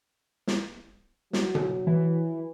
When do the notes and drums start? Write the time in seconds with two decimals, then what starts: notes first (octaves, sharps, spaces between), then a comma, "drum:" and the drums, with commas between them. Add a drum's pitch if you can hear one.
0.47 drum: snare
1.33 F#3, drum: snare
1.55 drum: tom B2
1.87 E3